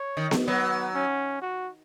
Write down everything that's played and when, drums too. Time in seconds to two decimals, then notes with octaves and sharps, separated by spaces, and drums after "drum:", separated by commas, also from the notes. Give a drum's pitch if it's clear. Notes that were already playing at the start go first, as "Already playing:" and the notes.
Already playing: C#5
0.17 D#3
0.31 drum: snare B3
0.47 F#3 B3
0.95 C#4
1.42 F#4